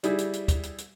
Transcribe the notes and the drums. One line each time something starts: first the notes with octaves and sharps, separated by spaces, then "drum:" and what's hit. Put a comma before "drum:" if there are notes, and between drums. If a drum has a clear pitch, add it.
G3 E4 G#4, drum: hi-hat
drum: hi-hat
drum: hi-hat
drum: kick, hi-hat
drum: hi-hat
drum: hi-hat